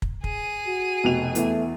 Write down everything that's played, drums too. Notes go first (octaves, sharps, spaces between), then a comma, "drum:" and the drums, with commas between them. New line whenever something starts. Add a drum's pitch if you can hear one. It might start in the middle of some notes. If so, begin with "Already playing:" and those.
drum: kick
G#4 D#7, drum: kick
F#4
F1 B2 F7
E2 E3 A3, drum: hi-hat